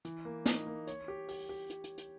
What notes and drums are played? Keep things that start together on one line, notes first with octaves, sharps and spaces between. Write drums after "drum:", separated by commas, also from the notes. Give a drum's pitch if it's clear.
E3, drum: hi-hat
A#3
D#4, drum: snare
A#3
C#5, drum: hi-hat
G4
G4, drum: open hi-hat
G4
drum: hi-hat
drum: hi-hat
drum: hi-hat